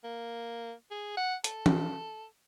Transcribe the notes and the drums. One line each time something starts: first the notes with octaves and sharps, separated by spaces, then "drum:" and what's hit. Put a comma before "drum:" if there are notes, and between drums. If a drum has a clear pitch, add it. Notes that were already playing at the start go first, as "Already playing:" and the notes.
A#3
G#4
F#5
A4, drum: hi-hat
drum: tom